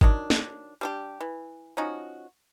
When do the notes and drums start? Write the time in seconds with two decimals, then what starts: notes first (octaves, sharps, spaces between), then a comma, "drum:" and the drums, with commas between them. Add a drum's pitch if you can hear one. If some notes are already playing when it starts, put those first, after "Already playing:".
0.01 D#3 F#3 D4, drum: kick G1
0.30 drum: snare
0.81 G3 D4 G4
1.20 E3
1.77 F3 C#4 D#4 F#4